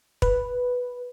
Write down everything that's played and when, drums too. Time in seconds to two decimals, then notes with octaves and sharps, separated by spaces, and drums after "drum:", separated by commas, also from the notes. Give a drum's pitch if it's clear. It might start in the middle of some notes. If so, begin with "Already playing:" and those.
0.22 B4, drum: kick